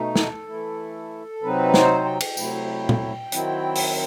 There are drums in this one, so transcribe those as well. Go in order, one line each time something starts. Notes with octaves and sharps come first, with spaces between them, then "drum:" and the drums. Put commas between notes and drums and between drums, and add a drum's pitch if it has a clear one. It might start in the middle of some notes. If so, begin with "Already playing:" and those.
Already playing: B2 A3 D#4
A4, drum: snare
E3 A3 E4
C3 F#3 C4 D#4 B4
C5, drum: snare
G5
drum: cymbal
C3 F#3 A3 E4, drum: tambourine
drum: tom
D#3 F#3 C4 E4, drum: hi-hat
drum: open hi-hat